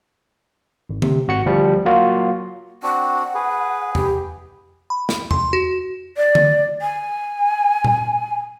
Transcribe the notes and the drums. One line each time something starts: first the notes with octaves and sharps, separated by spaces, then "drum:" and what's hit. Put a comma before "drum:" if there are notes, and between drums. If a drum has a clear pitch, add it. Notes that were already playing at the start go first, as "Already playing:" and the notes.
G#1
C3, drum: tom D3
G#1 F#4 C#7
D2 F3 G3
F#3 A#3 F4 F#4
C4 D4 F#4 F#5
G#4 B4
G4, drum: tom E2
B5
drum: snare
C6, drum: tom E2
F#4
D5
drum: tom D3
G#5
drum: tom A#2